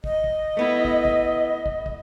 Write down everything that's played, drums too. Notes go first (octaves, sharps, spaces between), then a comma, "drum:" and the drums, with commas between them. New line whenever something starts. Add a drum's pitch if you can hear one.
D#5, drum: kick
drum: kick
A3 B3 E4
drum: kick
drum: kick
drum: kick
drum: kick